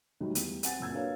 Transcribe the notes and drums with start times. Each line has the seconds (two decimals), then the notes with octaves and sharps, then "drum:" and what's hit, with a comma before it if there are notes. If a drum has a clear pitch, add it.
0.21 D2 A2 D#3 F#3 G3
0.35 E2 G3, drum: hi-hat
0.63 C4 F#5 G#5 A6, drum: hi-hat
0.79 F#1 A#2 E6 G#6
0.93 A#3 D4 F#4 B4 C#5 F5